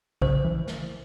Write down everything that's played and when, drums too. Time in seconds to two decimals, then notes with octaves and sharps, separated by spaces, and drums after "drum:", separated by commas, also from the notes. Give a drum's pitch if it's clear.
0.22 C#3 C5, drum: kick A#1
0.45 E3
0.68 drum: snare